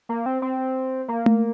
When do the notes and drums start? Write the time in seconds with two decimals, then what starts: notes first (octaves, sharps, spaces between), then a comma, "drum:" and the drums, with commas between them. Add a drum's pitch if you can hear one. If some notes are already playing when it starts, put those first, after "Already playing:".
0.09 A#3
0.26 C4
0.42 C4
1.08 A#3
1.26 drum: tom A3